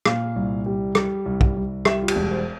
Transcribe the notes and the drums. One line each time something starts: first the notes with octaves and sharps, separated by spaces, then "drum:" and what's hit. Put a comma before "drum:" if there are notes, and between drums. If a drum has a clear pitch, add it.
A#2 F5, drum: rim click
C2
G3
G3, drum: rim click
C2
drum: kick
C2
G3 E5, drum: rim click
F4
G4, drum: cymbal
E1
C5